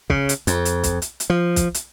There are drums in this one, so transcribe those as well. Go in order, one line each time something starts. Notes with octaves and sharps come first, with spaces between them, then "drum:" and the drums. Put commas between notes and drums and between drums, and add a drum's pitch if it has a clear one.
C#3, drum: kick
drum: hi-hat
F2, drum: hi-hat
drum: hi-hat
drum: kick, hi-hat
drum: hi-hat
drum: hi-hat
F3
drum: kick, hi-hat
drum: hi-hat